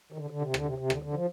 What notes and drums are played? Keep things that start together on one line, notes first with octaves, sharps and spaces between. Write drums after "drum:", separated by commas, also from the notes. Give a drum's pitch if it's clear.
D#3
D3
D3
C3
D3, drum: rim click
C3
C3
D3, drum: rim click
D3
F3